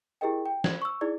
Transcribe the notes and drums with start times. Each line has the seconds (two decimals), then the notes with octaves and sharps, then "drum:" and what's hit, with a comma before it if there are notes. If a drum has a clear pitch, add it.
0.21 E4 G4 G#4 A#4 D#5 G5
0.46 G5
0.64 C5 G#6, drum: snare
0.82 C#6 E6
1.01 D#4 E4 G#4 D5